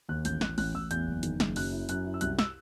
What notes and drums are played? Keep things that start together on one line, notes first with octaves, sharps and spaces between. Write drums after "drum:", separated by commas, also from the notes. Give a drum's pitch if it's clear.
D#2 F#6
A1 G6, drum: hi-hat
A1 F#6, drum: snare
A1 F#6, drum: open hi-hat
A1 E6
E2 G6, drum: hi-hat
F#1
D#3, drum: hi-hat
F#1, drum: snare
F#2 F#6, drum: open hi-hat
E4
F#2 F#6, drum: hi-hat
E4
E6
C2 F#6, drum: hi-hat
E6, drum: snare